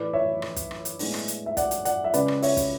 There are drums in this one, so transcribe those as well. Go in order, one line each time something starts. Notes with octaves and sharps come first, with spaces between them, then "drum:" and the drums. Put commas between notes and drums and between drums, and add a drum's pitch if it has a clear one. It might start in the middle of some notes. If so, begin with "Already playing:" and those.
Already playing: A2 E3 A3 B4 D5
C#5 E5
drum: rim click
drum: kick, hi-hat
drum: rim click
drum: hi-hat
A2 G#3 B3 D4, drum: open hi-hat
drum: rim click
drum: hi-hat
E5
D5 F#5, drum: kick, hi-hat
drum: hi-hat
D5 F#5, drum: hi-hat
E5
C#3 G#3 C#4 B4 D5, drum: hi-hat
drum: rim click
C#5 E5, drum: open hi-hat
drum: kick, hi-hat